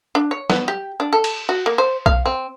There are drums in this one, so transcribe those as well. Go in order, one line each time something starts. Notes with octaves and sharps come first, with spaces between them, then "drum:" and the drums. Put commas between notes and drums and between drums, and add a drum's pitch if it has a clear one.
D4
C#5
B3, drum: snare
G4
D4
A4
drum: cymbal
F#4
A#3
C5
F5, drum: kick B1
C4